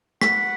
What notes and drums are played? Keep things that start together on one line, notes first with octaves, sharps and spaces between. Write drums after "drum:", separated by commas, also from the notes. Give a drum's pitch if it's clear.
F#4 B4 F#5 B6, drum: rim click